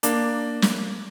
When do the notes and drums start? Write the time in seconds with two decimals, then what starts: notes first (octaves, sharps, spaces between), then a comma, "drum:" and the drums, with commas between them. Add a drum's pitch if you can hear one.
0.03 A#3 D4, drum: hi-hat
0.62 drum: snare